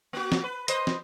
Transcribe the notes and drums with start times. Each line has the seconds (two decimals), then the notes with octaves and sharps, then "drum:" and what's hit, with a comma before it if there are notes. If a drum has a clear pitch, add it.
0.13 A#3 F#4
0.32 drum: snare
0.44 B4
0.68 B4 C5 D#5, drum: hi-hat
0.87 drum: snare